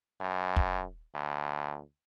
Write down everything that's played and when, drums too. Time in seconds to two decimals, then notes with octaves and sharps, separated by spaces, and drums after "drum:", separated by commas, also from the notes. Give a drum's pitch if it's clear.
0.21 F#2
0.56 drum: kick
1.15 D2